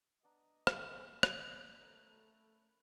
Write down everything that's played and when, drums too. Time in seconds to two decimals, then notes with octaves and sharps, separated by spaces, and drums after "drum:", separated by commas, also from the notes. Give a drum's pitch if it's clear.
0.23 B3 D4 D#5 A#5
0.67 drum: rim click
1.23 G#3 C#4 A#4 F5, drum: rim click
1.81 A3 A4 A#4 B5